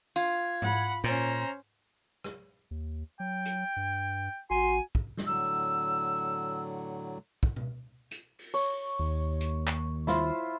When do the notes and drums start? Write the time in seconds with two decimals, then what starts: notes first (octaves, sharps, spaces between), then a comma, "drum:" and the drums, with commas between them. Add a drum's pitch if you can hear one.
0.16 F4 G#6, drum: tambourine
0.62 F#5 B5, drum: tom
1.04 A#2 C#4 C5 A#5
2.24 drum: rim click
2.71 D#2
3.20 F#3 G5
3.45 drum: hi-hat
3.76 G2
4.50 A1 F#4 G#5 C6
4.95 drum: kick
5.17 drum: snare
5.27 A2 D3 F#3 E6
7.43 drum: kick
7.56 drum: tom B2
8.11 drum: hi-hat
8.39 drum: open hi-hat
8.54 C#5, drum: open hi-hat
8.99 D#2
9.41 drum: hi-hat
9.67 drum: clap
10.07 E4 F4 C5, drum: snare